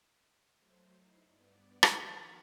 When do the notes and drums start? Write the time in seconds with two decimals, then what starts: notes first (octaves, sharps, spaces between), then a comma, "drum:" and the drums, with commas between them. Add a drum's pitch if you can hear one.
0.59 F#3 A3 C5
0.97 D#4 E4 C6
1.28 G2 B3 D5
1.83 drum: rim click
2.06 D#3 F3 F#4 A#5 C7